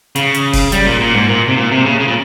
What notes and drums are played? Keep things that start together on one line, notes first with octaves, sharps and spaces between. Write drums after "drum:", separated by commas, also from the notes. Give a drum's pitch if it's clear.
C#3, drum: hi-hat
drum: hi-hat
drum: kick F1, open hi-hat
G3, drum: hi-hat
A#2
A#2
G#2
A#2
C3
A#2
C3
C#3
C#3
A#2